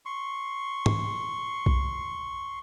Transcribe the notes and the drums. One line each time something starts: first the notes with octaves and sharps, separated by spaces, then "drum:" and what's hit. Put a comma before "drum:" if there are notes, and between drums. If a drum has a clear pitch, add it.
C6 C#6
drum: tom
drum: kick B1